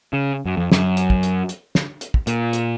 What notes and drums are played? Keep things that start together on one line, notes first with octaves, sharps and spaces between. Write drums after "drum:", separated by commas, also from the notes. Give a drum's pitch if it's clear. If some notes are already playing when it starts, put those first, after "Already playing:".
C#3
F#2
F2
F#2, drum: snare
drum: hi-hat
drum: kick
drum: hi-hat
drum: hi-hat
drum: snare
drum: hi-hat
drum: kick
A#2, drum: hi-hat
drum: hi-hat